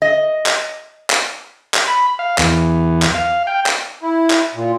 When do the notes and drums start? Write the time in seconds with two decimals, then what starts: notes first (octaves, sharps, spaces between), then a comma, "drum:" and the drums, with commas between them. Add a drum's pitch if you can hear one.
0.02 D#5
0.46 drum: clap
1.10 drum: clap
1.74 drum: clap
1.87 B5
2.19 F5
2.38 E2, drum: clap
3.02 drum: clap
3.14 F5
3.47 G5
3.66 drum: clap
4.03 E4
4.30 drum: clap
4.55 A#2